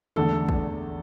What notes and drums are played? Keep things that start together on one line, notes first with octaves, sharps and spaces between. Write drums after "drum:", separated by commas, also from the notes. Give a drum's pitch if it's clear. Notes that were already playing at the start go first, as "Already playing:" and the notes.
E2 D3 A3 A4, drum: tom
drum: kick